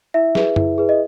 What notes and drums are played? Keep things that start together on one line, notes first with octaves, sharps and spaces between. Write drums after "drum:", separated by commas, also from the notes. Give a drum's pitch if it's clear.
E4 E5
G#4 B4, drum: snare
E4, drum: tom F#2
G#4 B4
D#5